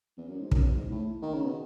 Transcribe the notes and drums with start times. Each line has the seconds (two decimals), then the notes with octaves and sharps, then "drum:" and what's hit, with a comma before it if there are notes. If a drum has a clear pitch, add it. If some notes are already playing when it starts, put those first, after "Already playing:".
0.18 E2
0.28 F#2
0.40 G#2
0.51 F#2, drum: kick
0.63 E2
0.75 G#2
0.91 A2
1.22 D#3
1.34 C#3
1.45 B2